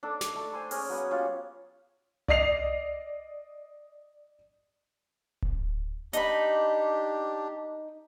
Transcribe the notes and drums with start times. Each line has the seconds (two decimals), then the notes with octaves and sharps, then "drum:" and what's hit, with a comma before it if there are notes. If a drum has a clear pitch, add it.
0.03 D4 D#4 A4 D5
0.21 drum: snare
0.35 A3 A4
0.53 C5 G#5 C6
0.71 C#4 G#4 A#4, drum: open hi-hat
0.90 F#3 B3
1.11 C#4 F4 G4 C#5
2.28 D5 D#5 C7 F7, drum: tom C2
5.42 drum: kick D1
6.13 D4 D#4 G4 B5, drum: hi-hat